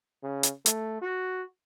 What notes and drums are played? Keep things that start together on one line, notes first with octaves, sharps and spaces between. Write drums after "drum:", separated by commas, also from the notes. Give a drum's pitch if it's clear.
C#3
drum: hi-hat
A3, drum: hi-hat
F#4